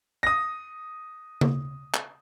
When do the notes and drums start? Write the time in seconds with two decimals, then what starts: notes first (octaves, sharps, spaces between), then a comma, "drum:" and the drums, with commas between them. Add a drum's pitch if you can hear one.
0.23 D#6 A#6
1.41 drum: tom C#3
1.94 drum: clap